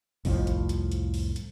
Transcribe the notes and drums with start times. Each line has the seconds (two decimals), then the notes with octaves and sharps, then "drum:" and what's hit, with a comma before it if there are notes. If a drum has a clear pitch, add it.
0.25 C2 F2 A2 F3, drum: kick A1, open hi-hat
0.47 drum: hi-hat
0.69 drum: hi-hat
0.92 drum: hi-hat
1.14 drum: open hi-hat
1.36 drum: hi-hat